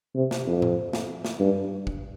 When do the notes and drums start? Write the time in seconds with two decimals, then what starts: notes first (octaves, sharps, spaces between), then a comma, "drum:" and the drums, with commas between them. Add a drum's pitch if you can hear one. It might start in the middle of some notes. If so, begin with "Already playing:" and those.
0.15 C3
0.31 drum: snare
0.47 F2
0.62 drum: tom A2
0.93 drum: snare
1.25 drum: snare
1.40 G2
1.87 drum: kick